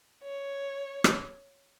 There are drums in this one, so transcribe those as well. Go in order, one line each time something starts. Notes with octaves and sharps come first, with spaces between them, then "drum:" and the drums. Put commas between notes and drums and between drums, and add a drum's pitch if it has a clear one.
C#5
drum: rim click